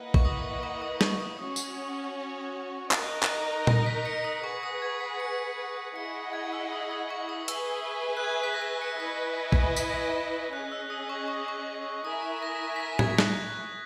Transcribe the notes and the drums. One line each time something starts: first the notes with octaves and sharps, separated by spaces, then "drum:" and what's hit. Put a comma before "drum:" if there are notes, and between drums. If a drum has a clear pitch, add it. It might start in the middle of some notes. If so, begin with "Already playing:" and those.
Already playing: A#3 E4 B4 D#5 F#5
C#6, drum: kick
D#6
C#6
D#6
D#6, drum: snare
D#6
C#4 F#4 C#5 D#6
drum: tambourine
D#4 A#4 D#5 F#6, drum: clap
drum: clap
A#6, drum: tom A#2
B6
C#7
D#6
G#4 B4 F#5 C#6
D#6
G#6
B6
C#7
E4 G#4 D#5 F#5 C#7
G#6
E6
D#6
D#6
C#6
D#6
G#4 B4 E5 G#5 E6, drum: hi-hat
F#6
G#6
B6
A#6
B6
C#7
E4 B4 D#5 G#5 B6
drum: kick
B6, drum: tambourine
A#6
B6
C#4 G#4 D#5 F#6
E6
D#6
C#6
C#6
C#6
E4 A#4 E5 G#5 D#6
A#6
B6
A#6
G#6, drum: tom A2
F#6, drum: snare
G#6